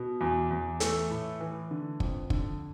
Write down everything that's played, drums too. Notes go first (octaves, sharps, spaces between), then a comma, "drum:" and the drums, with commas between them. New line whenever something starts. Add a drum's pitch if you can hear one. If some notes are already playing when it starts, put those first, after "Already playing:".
Already playing: B2
E2
E2
E3 A3 A4, drum: hi-hat
A2
E3
D3
F2, drum: kick
D3, drum: kick